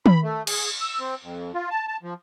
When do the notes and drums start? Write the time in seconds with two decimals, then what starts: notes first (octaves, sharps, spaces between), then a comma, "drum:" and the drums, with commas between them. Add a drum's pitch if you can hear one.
0.06 B5, drum: tom
0.23 A3
0.47 G#4, drum: cymbal
0.80 E6
1.00 C4
1.22 F2
1.54 F4
1.70 A5
1.88 A5
2.03 F3